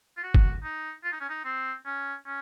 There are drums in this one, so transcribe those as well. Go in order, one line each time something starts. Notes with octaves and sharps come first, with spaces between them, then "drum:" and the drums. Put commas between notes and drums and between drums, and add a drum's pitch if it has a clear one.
F4
F#4
drum: kick F#1
D#4
F4
D#4
C#4
D#4
C4
C#4
C#4